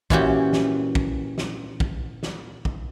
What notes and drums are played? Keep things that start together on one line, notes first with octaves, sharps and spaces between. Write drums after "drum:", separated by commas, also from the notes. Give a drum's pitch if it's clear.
A#2 E3 C#4 F#4 G4, drum: kick
drum: snare
drum: kick
drum: snare
drum: kick
drum: snare
drum: kick